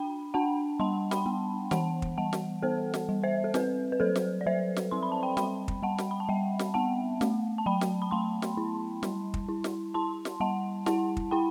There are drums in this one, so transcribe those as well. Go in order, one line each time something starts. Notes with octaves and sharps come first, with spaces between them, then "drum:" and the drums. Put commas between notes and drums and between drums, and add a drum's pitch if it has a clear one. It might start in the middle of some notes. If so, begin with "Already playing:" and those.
Already playing: D4 G5 B5
D4 F#5 A5
G3 A5 C6
G5 B5, drum: snare
B3
E3 F#5 A5, drum: snare
drum: kick
G3 F#5 A5
drum: snare
B3 A4 C5
drum: snare
G3
C5 E5
A4
C4 B4, drum: snare
B4
F#3 A4 C5
drum: snare
D5
F#3 C5 E5
drum: snare
C4 C6
B5
A5
G5 B5
G3 G5 B5, drum: snare
drum: kick
G3 F#5 A5
drum: snare
B5
A5
G3 E5 G5
drum: snare
B3 F#5 A5
A3, drum: snare
A5
F#3 G5 B5
drum: snare
B5
A3 A5 C6
drum: snare
E4
G3, drum: snare
drum: kick
E4
drum: snare
E4 A5 C6
drum: snare
G3 F#5 A5
E4 F#5 A5, drum: snare
drum: kick
E4 G5 B5